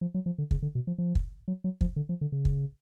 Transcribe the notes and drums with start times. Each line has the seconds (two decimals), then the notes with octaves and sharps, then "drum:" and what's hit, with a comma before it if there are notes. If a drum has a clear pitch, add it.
0.01 F3
0.14 F#3
0.26 F3
0.38 D3
0.51 C#3, drum: kick
0.62 D3
0.75 B2
0.87 F3
0.98 F3
1.15 drum: kick
1.48 F#3
1.64 F#3
1.81 F3, drum: kick
1.96 D3
2.09 F3
2.21 D3
2.32 C#3
2.45 drum: kick